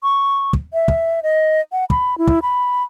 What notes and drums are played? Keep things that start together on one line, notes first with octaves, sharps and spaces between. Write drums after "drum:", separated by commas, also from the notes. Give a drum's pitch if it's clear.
C#6
drum: kick
E5
drum: kick
D#5
F#5
B5, drum: kick
E4
drum: kick
B5